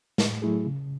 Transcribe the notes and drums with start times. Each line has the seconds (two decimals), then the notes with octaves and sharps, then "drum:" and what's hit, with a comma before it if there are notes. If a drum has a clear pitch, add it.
0.18 A2, drum: snare
0.42 F#3 A3 E4 G#4
0.65 C#3